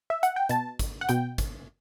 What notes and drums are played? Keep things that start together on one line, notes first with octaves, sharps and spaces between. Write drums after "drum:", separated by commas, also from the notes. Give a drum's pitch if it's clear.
E5
F#5, drum: hi-hat
G5
B2 A5, drum: hi-hat
drum: kick, hi-hat
F#5
B2 G5, drum: hi-hat
drum: kick, hi-hat